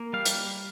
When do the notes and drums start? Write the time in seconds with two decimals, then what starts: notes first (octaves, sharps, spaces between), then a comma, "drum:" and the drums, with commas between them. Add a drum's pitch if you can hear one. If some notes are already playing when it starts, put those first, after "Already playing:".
Already playing: A#3
0.13 G3 F5
0.25 drum: hi-hat